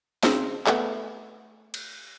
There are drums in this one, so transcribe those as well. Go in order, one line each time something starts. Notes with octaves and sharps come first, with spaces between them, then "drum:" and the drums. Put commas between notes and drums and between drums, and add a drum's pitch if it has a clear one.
C#3 C4 C5, drum: snare
A3 B3, drum: clap
drum: cymbal